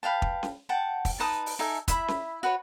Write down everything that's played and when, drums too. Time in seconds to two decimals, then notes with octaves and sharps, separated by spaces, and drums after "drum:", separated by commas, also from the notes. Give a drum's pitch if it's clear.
0.03 B4 F5 G5 A5
0.22 drum: kick
0.43 drum: snare C#4
0.69 F#5 G5 A5
1.05 drum: kick, open hi-hat
1.19 D#4 B4 A5 D#6
1.46 drum: open hi-hat
1.59 D#4 A4 E5 G#5
1.88 E4 E5 B5, drum: kick, hi-hat
2.08 drum: snare C#4
2.43 F#4 B4 C#5